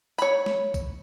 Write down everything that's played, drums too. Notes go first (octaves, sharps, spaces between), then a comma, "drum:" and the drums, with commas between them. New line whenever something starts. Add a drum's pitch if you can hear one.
C#5 B5, drum: tambourine
drum: snare
drum: kick, tambourine